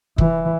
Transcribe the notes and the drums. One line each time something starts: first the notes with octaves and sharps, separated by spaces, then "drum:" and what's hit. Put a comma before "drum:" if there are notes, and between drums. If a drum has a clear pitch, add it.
E3, drum: kick